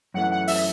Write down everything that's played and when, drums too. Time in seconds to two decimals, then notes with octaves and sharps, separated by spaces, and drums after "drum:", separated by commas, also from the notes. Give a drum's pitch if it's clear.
0.14 F#2 E3 A3 E4 F#5
0.31 F#5
0.48 E5, drum: open hi-hat